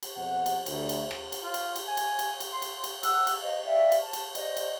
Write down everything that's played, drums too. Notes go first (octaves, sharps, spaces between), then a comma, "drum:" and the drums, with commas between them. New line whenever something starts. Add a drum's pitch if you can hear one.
drum: cymbal
F2 B2 G#3 C5 F#5
drum: cymbal
D2, drum: cymbal
drum: cymbal
drum: rim click
drum: cymbal
F4
drum: cymbal
drum: cymbal
G#5
drum: cymbal
drum: cymbal
drum: cymbal
C6
drum: cymbal
drum: cymbal
F#5 E6 F#6, drum: cymbal
drum: cymbal
C5 D#5 F5
D5 E5 F5 G5
drum: cymbal
A5
drum: cymbal
C5 D5 D#5, drum: cymbal
drum: cymbal